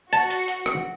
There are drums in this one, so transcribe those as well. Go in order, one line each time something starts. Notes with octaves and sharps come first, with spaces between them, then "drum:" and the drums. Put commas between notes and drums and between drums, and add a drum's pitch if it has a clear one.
F#4 A5 C#7, drum: hi-hat
drum: hi-hat
drum: hi-hat
drum: rim click